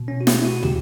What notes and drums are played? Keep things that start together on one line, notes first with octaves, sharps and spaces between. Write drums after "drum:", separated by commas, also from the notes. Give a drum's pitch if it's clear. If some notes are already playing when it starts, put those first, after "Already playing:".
Already playing: B2
C#4
F#4
E4, drum: snare
F#4
G4, drum: tom